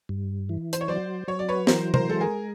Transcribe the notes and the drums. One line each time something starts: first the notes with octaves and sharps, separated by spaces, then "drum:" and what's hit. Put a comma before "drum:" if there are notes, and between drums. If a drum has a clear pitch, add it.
G2
E3
C5, drum: hi-hat
C#5
F#3 C5 D5
F#3 C#5
D5
B4 C#5
E3 A#4 C5, drum: snare
A#4 C5, drum: tom
G#3 A4
G#4 A#4